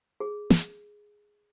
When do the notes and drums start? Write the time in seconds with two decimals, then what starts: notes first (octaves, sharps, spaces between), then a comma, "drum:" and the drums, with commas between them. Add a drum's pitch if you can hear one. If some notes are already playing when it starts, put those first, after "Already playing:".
0.20 G#4
0.50 drum: snare